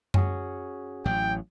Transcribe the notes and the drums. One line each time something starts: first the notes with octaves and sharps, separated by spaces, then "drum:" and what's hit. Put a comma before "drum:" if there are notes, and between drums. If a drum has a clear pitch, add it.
C#4 F#4 G#4, drum: tom F#2
A1 A2 F#3 G5